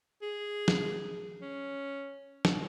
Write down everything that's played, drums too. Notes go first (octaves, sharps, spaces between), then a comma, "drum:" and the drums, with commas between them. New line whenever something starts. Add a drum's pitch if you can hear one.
G#4
drum: snare
C#4
drum: snare